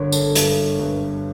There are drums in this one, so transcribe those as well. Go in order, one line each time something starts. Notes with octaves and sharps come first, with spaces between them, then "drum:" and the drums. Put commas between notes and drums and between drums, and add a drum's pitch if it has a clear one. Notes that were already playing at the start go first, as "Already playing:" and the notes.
Already playing: G1 D3 A#4 C#5
A4, drum: tambourine
G2 A4, drum: hi-hat
G2